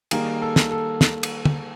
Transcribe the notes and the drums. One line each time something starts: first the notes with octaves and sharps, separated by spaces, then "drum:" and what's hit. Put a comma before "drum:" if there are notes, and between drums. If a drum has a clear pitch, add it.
D#3 G3 A#3 G#4, drum: cymbal
A4
drum: snare
A4
drum: snare
drum: cymbal
drum: tom